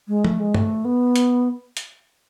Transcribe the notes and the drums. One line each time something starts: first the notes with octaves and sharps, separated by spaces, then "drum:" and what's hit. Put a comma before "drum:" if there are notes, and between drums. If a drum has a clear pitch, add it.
G#3
A3, drum: tom F3
G#3
A3, drum: tom G2
B3
drum: hi-hat
drum: hi-hat